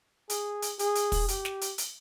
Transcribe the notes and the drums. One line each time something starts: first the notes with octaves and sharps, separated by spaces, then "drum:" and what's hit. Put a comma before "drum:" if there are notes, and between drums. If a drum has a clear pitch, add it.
G#4, drum: hi-hat
drum: hi-hat
G#4, drum: hi-hat
drum: hi-hat
drum: kick, open hi-hat
G4, drum: hi-hat
drum: snare
drum: hi-hat
drum: hi-hat